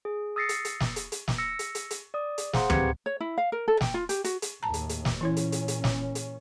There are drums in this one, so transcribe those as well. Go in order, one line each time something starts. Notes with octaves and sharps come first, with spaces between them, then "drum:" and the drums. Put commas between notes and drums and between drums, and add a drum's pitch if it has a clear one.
G#4
D#6 E6 A6 A#6 C7 C#7
drum: hi-hat
drum: hi-hat
drum: snare
drum: hi-hat
drum: hi-hat
drum: snare
E6 A#6 C#7
drum: hi-hat
drum: hi-hat
drum: hi-hat
D5 D#6
drum: hi-hat
G#4 C5 F5 F#5 A#5 C6, drum: snare
C4 G4 B4 A#5 G#6 C#7, drum: tom
C#5
E4
F5
A#4
A4
G5, drum: snare
F4
G4, drum: hi-hat
F#4, drum: hi-hat
drum: hi-hat
D#2 A2 A5 A#5
drum: hi-hat
drum: hi-hat
drum: snare
A#2 E3 C#4 E4 C#5
drum: hi-hat
drum: hi-hat
drum: hi-hat
drum: snare
drum: hi-hat